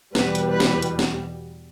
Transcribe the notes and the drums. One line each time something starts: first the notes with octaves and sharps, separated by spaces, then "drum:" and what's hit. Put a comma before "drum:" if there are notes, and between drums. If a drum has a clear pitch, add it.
E2 B2 G3 B4, drum: snare
drum: hi-hat
B4
drum: snare
drum: hi-hat
drum: snare